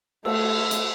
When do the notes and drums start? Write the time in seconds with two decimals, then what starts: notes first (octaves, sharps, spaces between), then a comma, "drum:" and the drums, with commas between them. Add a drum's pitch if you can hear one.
0.25 A3 E6, drum: cymbal
0.71 drum: hi-hat